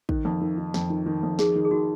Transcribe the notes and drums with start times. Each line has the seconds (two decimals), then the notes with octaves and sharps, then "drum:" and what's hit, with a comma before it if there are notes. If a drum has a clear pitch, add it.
0.09 D#3 C5, drum: kick
0.25 F2
0.41 D#3
0.58 D#3
0.74 F2, drum: snare
0.90 D#3
1.06 D#3
1.23 F2
1.39 D#3 G#4, drum: snare
1.56 D#3
1.65 G#4
1.71 D#3 F#4